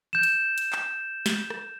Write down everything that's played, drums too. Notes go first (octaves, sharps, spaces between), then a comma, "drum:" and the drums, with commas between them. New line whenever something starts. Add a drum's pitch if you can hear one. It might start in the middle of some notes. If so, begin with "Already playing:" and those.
G6 E7
drum: hi-hat
drum: hi-hat
drum: clap
drum: snare
drum: rim click